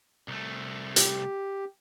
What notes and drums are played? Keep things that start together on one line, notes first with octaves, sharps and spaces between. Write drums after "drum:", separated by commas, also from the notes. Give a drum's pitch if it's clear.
C2 A3
G4, drum: hi-hat